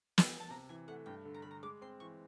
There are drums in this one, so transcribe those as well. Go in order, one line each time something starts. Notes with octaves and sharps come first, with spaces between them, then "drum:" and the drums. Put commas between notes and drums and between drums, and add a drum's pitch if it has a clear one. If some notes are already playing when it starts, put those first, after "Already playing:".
G5, drum: snare
G#5
A5
C3 A#5
E3 G#5
A3 F#5
G2 G5
D3
A#5
D3 B5
A#5
G#3 D6
C4 C6
E3 C#6